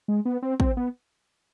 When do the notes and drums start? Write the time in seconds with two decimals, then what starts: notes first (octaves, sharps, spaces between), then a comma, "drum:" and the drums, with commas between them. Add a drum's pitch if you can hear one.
0.08 G#3
0.25 B3
0.42 C4
0.60 C4, drum: kick
0.77 B3